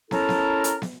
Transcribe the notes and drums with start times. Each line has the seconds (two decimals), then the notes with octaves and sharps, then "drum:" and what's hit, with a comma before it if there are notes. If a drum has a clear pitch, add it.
0.11 C#4 E4 A4 A#4 A5 A#5, drum: snare
0.29 drum: snare
0.64 drum: hi-hat
0.82 drum: snare